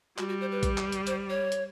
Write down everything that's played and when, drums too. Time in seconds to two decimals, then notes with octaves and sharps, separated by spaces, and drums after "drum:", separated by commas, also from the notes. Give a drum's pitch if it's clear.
0.18 G3 F#4, drum: clap
0.29 F#4
0.41 C5
0.52 B4
0.63 drum: kick, hi-hat
0.78 drum: clap
0.92 drum: hi-hat
1.07 C5, drum: hi-hat
1.30 C#5
1.52 drum: hi-hat